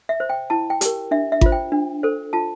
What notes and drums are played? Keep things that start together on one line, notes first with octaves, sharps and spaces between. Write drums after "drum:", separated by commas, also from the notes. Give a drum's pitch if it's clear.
E5
C5
G5
E4 A5
G5
G4 A#4, drum: hi-hat
D4 E5
E5
F4 C5, drum: kick G#1
G5
D4
A4 C5
F4 A5